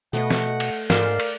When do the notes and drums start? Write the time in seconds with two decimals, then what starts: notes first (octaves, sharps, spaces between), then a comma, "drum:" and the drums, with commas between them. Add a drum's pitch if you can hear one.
0.13 B2 A3 D#5 F#5
0.30 drum: snare
0.60 drum: cymbal
0.90 G#2 A#4 D5 F5, drum: snare
1.20 drum: cymbal